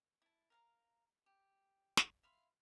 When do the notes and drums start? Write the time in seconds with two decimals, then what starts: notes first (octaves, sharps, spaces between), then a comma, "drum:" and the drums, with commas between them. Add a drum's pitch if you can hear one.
0.22 E4 A5
0.50 A#4 F5 A#5
1.26 G4
1.97 drum: snare
2.23 E5 F5 B5 C6